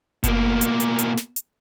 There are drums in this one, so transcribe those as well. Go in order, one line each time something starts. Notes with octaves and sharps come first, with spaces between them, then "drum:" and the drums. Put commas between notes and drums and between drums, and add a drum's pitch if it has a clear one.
B2 A#3, drum: kick F#1, hi-hat
drum: hi-hat
drum: hi-hat
drum: hi-hat
drum: snare
drum: hi-hat